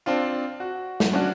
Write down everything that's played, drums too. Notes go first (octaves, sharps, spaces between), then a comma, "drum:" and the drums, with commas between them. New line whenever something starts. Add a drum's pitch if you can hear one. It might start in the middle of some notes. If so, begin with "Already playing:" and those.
C4 D4 F4
F#4
drum: snare
C#4 D4 F#4